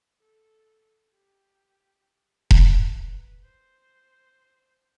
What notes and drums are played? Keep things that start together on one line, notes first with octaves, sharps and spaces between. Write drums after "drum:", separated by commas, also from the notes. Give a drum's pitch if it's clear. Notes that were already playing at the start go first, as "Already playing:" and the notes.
A4
G4
A4, drum: kick E1
B4
C5